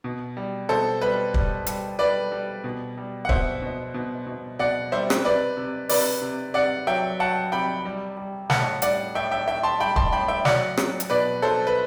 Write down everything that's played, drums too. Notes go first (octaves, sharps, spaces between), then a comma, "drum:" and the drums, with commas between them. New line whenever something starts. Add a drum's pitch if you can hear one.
B2
G3
B2 A4 C5
G3 B4
G3, drum: kick
G3, drum: hi-hat
G3 B4 D5
G3
B2
G3
F#5
B2 C5 E5, drum: kick
B2
B2
B2
B2 D5 F#5
G3 C5 E5
drum: rim click
C3 B4 D5
C3
C3 B4 D5, drum: open hi-hat
C3
C3 D5 F#5
F#3 E5 G5
F#3 F#5 A5
C3 G5 B5
G3
G3
A2 F#5 A5, drum: snare
G3 D5 F#5, drum: hi-hat
A2 E5 G5
E5 G5
A2 E5 G5
A5 C6
G3 G5 B5
A5 C6, drum: kick
A2 G5 B5
E5 G5
F#3 D5 F#5, drum: snare
F#3, drum: rim click
drum: hi-hat
B2 B4 D5
F#3 A4 C5
B4